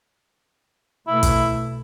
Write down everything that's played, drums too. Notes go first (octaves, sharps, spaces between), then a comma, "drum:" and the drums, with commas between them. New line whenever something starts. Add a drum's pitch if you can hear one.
B2 A3 E4
drum: kick, hi-hat